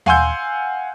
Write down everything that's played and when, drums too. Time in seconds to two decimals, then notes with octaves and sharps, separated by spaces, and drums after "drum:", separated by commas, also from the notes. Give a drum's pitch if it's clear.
0.06 F5 F#5 G#5 C6 E6 G6, drum: tom D#2